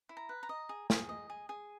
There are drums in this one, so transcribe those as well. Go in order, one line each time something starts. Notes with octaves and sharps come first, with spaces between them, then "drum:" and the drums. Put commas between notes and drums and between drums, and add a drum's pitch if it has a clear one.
E4
A#5
B4
A#5
D#5
G#4
G#4, drum: snare
D#5
G#4
G#4 G#5